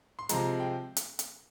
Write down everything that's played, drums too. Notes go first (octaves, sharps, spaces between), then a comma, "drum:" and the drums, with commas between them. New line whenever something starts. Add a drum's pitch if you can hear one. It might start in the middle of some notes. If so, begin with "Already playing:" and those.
C6
C3 F3 G#3 A#5, drum: hi-hat
G5
drum: hi-hat
drum: hi-hat